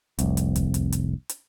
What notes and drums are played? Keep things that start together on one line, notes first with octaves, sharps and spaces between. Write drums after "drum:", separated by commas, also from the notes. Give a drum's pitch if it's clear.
F1 C2, drum: hi-hat
drum: hi-hat
drum: kick C#2, hi-hat
drum: hi-hat
drum: hi-hat
drum: hi-hat